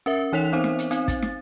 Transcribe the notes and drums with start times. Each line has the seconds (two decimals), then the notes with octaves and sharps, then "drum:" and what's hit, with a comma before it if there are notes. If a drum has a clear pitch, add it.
0.06 C#4 A#4 E5
0.33 E3 D#4 C#5 B6 F7
0.53 B3 C4 D#4 C5
0.64 drum: snare
0.79 drum: hi-hat
0.91 C4 D#4, drum: hi-hat
1.08 A6, drum: kick, hi-hat
1.22 drum: snare